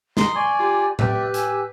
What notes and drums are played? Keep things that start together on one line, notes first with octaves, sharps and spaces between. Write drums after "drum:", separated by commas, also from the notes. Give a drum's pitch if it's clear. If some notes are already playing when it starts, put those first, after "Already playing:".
D#5 A#5 C6, drum: snare
D5 G#5 C#6
F4 G4
G4 B4 D5 E5 G5, drum: tom A2
G#5 E6, drum: hi-hat